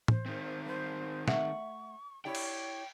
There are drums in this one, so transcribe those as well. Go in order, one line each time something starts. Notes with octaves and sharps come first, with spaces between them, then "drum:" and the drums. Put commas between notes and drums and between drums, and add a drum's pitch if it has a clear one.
C5, drum: tom A2
D#3 C4
G3 C5
A3 E5 F#5 C#6, drum: snare
E4 G4 C#5 D5 G5
drum: cymbal